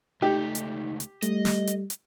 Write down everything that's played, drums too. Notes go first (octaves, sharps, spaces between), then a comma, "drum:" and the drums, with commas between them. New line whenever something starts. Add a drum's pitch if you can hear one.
C#2 A3 D#4 G4
drum: hi-hat
drum: hi-hat
G3 A3 D#5, drum: hi-hat
drum: snare
drum: hi-hat
drum: hi-hat